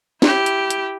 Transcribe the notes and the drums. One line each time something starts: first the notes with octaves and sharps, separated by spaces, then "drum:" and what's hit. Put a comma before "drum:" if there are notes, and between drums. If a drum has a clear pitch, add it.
E4 G4, drum: snare
drum: hi-hat
drum: hi-hat